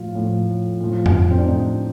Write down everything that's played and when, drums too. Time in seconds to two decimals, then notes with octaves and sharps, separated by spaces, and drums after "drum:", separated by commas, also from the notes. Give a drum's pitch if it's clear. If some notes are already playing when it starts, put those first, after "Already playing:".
Already playing: A2 F3 F4
0.15 A2 F3
0.81 A2 F3
1.06 drum: tom F2
1.31 C4
1.38 D4
1.45 A2 F3 D#4